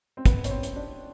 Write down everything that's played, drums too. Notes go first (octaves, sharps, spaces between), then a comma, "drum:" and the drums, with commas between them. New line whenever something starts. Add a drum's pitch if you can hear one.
C4
B3, drum: kick, hi-hat
C#4, drum: hi-hat
C4
drum: hi-hat
D4